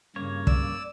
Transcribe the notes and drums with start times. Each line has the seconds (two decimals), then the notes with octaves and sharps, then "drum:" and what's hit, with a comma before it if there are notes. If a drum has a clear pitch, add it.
0.16 G2 C#3 A#3 C#5
0.47 D5 E6, drum: kick